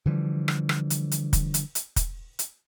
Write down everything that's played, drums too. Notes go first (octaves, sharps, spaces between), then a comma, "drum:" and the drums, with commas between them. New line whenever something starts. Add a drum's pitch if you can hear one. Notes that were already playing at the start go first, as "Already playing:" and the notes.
D3 E3 F3 G3
drum: rim click
drum: rim click
drum: hi-hat
drum: hi-hat
drum: kick, hi-hat
drum: hi-hat
drum: hi-hat
drum: kick, hi-hat
drum: hi-hat